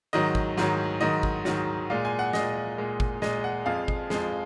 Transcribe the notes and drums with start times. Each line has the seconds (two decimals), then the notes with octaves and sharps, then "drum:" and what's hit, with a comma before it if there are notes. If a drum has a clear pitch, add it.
0.13 G#2 D#3 F#3 D#5
0.35 drum: kick
0.57 G#2 D#3 F#3, drum: snare
1.01 G#2 D#3 F#3 D#5
1.23 drum: kick
1.45 G#2 D#3 F#3, drum: snare
1.90 A#2 G#3 F5
2.05 G#5
2.19 F#5
2.33 A#2 G#3 D#5, drum: snare
2.78 A#2 G#3
3.00 drum: kick
3.22 A#2 G#3 D#5, drum: snare
3.44 F#5
3.66 F2 F3 G#3 F5
3.88 drum: kick
4.10 F2 F3 G#3, drum: snare